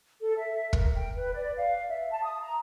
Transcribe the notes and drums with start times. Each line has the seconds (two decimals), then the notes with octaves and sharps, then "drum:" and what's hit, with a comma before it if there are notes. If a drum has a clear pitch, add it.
0.21 A4
0.39 E5
0.73 A#4, drum: kick
0.95 G5
1.15 B4
1.35 D5
1.57 F5
1.90 E5
2.11 A5
2.24 D#6
2.41 A#5